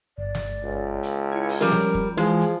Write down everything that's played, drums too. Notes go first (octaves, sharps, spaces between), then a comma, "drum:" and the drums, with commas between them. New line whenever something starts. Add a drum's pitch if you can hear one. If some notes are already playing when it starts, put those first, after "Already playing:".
G1 D5
drum: snare
C#2
drum: hi-hat
E4 G#6 C#7
drum: open hi-hat
F3 G3 C#4 A#4
drum: snare
drum: kick
E3 F3 G#3 F4 G#4, drum: hi-hat
drum: hi-hat